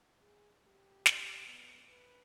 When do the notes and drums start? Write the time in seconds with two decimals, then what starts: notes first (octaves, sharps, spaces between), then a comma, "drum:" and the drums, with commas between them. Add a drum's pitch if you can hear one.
0.22 G#4
0.67 G4
1.06 drum: snare
1.47 B3
1.91 B4